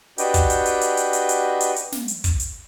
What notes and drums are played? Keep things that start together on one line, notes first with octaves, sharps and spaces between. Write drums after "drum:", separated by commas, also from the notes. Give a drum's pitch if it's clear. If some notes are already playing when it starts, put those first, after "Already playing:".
D4 F#4 G4 B4 D#5 G5, drum: hi-hat
drum: kick, hi-hat
drum: hi-hat
drum: hi-hat
drum: hi-hat
drum: hi-hat
drum: hi-hat
drum: hi-hat
drum: hi-hat
drum: hi-hat
drum: snare
drum: hi-hat
drum: kick, hi-hat
drum: hi-hat